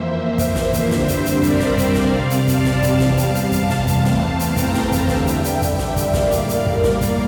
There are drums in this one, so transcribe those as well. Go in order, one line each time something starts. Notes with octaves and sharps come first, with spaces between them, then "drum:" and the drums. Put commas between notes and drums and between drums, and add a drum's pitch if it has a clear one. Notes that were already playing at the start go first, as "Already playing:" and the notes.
Already playing: F2 E3 A#3 C5 E5
drum: kick, hi-hat
drum: snare
drum: kick, hi-hat
G2 D3 G3 C4, drum: snare
drum: hi-hat
drum: hi-hat
A#4 D5, drum: kick, hi-hat
drum: snare
drum: kick, hi-hat
C3 G3 C4 D5 F5, drum: snare
drum: hi-hat
F5 A5, drum: kick, hi-hat
drum: snare
drum: kick, hi-hat
E2 C3 G3, drum: snare
drum: hi-hat
drum: hi-hat
F5 A5, drum: kick, hi-hat
drum: snare
drum: kick, hi-hat
E2 E3 A3 C4, drum: snare
drum: hi-hat
G5 A#5, drum: kick, hi-hat
drum: snare
drum: kick, hi-hat
E2 D3 G3 E5 G5, drum: snare
drum: hi-hat
drum: hi-hat
E5 G5, drum: kick, hi-hat
drum: snare
drum: kick, hi-hat
A2 G3 A#3 D5 F5, drum: snare
drum: hi-hat
drum: hi-hat
A#4 D5, drum: kick
drum: snare
drum: kick, hi-hat